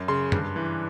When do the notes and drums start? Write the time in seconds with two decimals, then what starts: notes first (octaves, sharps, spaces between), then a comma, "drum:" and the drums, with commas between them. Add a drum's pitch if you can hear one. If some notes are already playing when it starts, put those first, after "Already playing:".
Already playing: F#2
0.08 C#3 C6
0.32 G2, drum: tom
0.56 E3